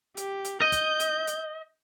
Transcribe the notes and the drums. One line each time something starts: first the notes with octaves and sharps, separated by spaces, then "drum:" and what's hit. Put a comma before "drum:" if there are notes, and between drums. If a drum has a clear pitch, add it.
G4, drum: hi-hat
drum: hi-hat
D#5 G6
drum: kick, hi-hat
drum: hi-hat
drum: hi-hat